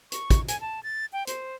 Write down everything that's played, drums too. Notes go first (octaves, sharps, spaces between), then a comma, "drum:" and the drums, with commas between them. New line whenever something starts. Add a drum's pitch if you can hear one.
C#6, drum: hi-hat
drum: kick, hi-hat
G#5, drum: hi-hat
A5
A6
G5
C5, drum: hi-hat